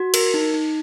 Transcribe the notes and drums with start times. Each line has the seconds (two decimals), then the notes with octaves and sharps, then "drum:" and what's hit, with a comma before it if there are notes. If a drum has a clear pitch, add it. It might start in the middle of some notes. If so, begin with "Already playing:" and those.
Already playing: F#4
0.14 A#4, drum: cymbal
0.34 D#4
0.54 D#4